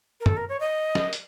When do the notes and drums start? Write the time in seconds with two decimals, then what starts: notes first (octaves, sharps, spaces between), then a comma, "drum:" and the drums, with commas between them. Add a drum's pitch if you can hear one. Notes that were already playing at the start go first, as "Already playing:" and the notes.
0.20 A#4
0.26 A4, drum: tom
0.37 A#4
0.49 C#5
0.60 D#5
0.95 drum: snare
1.13 drum: hi-hat